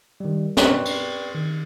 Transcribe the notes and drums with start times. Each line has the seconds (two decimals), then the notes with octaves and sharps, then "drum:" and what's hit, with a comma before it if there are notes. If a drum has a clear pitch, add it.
0.20 D#3 G3
0.57 B4 D5 G5 C6 C#6 F#6, drum: snare
0.85 drum: cymbal
1.34 D#3